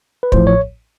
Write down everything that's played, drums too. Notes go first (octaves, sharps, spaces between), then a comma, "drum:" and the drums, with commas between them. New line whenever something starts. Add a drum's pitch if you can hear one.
B4
A1 A2 F3 C5, drum: kick
C#5